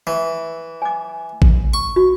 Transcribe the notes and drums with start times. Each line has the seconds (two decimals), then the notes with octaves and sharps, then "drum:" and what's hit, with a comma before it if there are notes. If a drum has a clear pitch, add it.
0.07 E3 C#6
0.82 G#5 D6
1.42 drum: kick A1
1.74 C#6
1.96 F#4